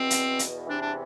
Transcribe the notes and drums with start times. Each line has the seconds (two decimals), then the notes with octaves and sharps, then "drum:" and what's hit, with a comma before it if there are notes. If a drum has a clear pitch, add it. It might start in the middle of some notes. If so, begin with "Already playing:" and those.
Already playing: E2 B2 C4
0.10 drum: hi-hat
0.39 drum: hi-hat
0.67 E2 C3 E3 D4
0.82 D4